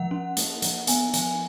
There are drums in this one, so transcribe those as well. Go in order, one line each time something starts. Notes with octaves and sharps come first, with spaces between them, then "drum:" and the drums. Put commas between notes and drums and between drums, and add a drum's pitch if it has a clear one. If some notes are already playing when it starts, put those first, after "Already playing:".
Already playing: F3 F#5
C#4
A#3, drum: hi-hat
F3, drum: hi-hat
B3 G#5, drum: hi-hat
F3 G#5, drum: hi-hat